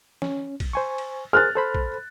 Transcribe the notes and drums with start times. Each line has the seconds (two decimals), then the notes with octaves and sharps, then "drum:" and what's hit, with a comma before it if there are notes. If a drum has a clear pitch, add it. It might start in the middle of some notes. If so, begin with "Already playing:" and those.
0.22 C#4, drum: snare
0.60 drum: kick A#1, cymbal
0.73 C5 G#5 C#6
0.98 drum: cymbal
1.33 G#4 A#4 C5 F6 F#6 A6
1.55 A4 C5 B5
1.75 drum: kick A#1